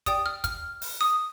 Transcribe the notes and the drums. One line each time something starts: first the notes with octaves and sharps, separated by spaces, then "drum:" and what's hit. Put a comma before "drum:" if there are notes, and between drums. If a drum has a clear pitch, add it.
G4 D5 G5 D#6, drum: kick, hi-hat
F6
F6, drum: kick, hi-hat
drum: open hi-hat
D#6